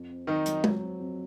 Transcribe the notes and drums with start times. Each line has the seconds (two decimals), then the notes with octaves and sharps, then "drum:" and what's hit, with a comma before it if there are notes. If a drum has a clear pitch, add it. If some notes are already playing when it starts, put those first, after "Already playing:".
Already playing: F2
0.10 C4
0.27 D#3 F#3 D#4
0.46 F#3, drum: hi-hat
0.64 F#3, drum: tom G#3
0.82 C4
1.00 F2